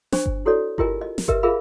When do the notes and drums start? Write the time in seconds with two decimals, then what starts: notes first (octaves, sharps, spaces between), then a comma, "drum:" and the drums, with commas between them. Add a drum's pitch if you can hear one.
0.12 D4 C5 G#5 C#6, drum: snare
0.26 drum: kick G1
0.46 E4 F#4 A4 C#5 D5
0.78 E4 F4 G4 A#4 D#5 G#5, drum: kick G1
1.01 D#5
1.18 drum: snare
1.28 G4 A#4 B4 D#5 E5, drum: kick G1
1.43 F4 G#4 A#4 E5 F5 B5